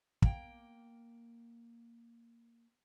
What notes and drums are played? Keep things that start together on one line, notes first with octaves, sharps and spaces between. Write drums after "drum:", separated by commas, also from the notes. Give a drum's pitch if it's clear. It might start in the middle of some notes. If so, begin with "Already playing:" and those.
A#3 G5, drum: kick